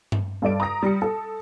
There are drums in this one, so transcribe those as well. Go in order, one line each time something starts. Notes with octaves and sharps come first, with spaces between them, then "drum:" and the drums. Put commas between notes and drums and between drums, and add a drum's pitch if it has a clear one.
drum: tom G2
G2 A4 D5 D7
A#5 D#6 A#6
G3 C#7
A4